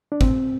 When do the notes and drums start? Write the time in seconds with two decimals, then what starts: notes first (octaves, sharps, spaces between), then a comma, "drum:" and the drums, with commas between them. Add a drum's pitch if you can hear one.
0.12 D4
0.21 A2 C4, drum: kick